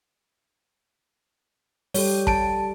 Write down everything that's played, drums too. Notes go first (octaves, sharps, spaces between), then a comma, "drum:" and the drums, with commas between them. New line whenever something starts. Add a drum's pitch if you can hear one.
G3 G4 A4 C#5, drum: open hi-hat
A5 D7, drum: kick